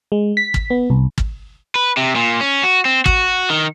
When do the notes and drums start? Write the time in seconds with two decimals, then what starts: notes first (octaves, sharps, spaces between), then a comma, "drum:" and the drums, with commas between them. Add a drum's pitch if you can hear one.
0.12 G#3
0.37 B6
0.54 drum: kick
0.70 B3
0.90 C2
1.18 drum: kick
1.75 B4
1.97 C3
2.16 A#2
2.41 C#4
2.63 F#4
2.85 C4
3.06 F#4, drum: kick
3.50 D#3